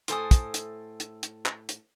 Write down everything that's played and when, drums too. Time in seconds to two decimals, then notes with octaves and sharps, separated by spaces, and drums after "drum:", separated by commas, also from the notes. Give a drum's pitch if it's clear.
0.08 A2 A4 C5 G#5 D#6, drum: hi-hat
0.31 drum: kick, hi-hat
0.54 drum: hi-hat
1.00 drum: hi-hat
1.23 drum: hi-hat
1.46 drum: clap
1.69 drum: hi-hat